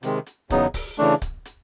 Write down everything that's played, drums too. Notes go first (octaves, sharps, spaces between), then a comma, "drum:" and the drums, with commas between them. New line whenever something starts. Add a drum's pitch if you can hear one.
C3 D#3 G#3, drum: hi-hat
drum: hi-hat
E2 C#3 F#3 B3 D#4, drum: kick C#1, hi-hat
drum: kick C#1, open hi-hat
C#3 E3 A3 D4
drum: kick C#1, hi-hat
drum: hi-hat